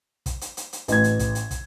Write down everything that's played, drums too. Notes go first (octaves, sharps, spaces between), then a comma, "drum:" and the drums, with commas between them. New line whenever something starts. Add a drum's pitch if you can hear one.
drum: kick, hi-hat
drum: hi-hat
drum: hi-hat
drum: hi-hat
A1 G#6, drum: hi-hat
drum: hi-hat
drum: kick, hi-hat
drum: hi-hat
drum: kick, hi-hat